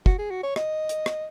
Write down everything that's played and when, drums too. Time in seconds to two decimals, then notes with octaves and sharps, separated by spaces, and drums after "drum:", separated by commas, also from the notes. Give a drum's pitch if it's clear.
0.06 F#4, drum: kick
0.18 G#4
0.30 F#4
0.43 C#5
0.56 D#5, drum: rim click
0.89 drum: hi-hat
1.06 drum: rim click